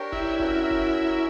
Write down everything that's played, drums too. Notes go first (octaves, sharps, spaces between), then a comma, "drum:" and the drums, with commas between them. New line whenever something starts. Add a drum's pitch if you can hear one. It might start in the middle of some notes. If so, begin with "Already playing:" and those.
Already playing: D4 G4 A#4 C#5 G5
E4, drum: kick F1
C#4 F#4 A#4 E5, drum: kick F1
drum: kick F1